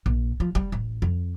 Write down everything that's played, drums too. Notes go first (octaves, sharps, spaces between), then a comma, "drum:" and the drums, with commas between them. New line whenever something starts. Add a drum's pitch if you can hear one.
A#1
F3
G3, drum: kick
A1
F2